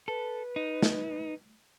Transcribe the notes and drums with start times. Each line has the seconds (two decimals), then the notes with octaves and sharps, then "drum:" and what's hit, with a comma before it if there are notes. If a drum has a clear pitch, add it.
0.08 A4 B4
0.56 D#4
0.82 drum: snare